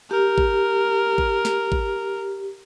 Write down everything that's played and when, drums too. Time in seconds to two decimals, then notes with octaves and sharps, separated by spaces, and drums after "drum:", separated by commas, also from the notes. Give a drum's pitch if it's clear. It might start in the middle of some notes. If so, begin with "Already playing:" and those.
0.11 G4 A#4
0.38 drum: kick
1.18 drum: kick
1.45 drum: snare
1.72 drum: kick